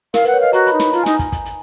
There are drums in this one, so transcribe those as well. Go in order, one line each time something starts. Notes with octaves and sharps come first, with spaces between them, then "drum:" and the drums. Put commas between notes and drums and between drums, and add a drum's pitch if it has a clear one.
A#4 F5, drum: snare
B4 F#5, drum: hi-hat
C#5
D#5 F5
F#4 A#5, drum: hi-hat
B5, drum: hi-hat
D#4
B5, drum: snare
F4 A#5, drum: hi-hat
G#5
D#4, drum: snare
drum: kick, hi-hat
drum: kick, hi-hat
drum: hi-hat